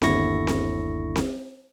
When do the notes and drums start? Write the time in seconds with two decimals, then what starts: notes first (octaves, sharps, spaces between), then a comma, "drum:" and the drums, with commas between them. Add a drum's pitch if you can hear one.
0.02 G1 D#2 D3 E4 C#6 A#6, drum: snare C4
0.47 drum: snare C4
1.16 drum: snare C4